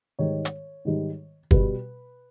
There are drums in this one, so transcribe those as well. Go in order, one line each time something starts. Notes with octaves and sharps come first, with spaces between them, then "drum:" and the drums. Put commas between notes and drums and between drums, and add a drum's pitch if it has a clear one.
G#2 D#3 G3 C#5
drum: hi-hat
G#2 D#3 G3
B2 G3 B4, drum: kick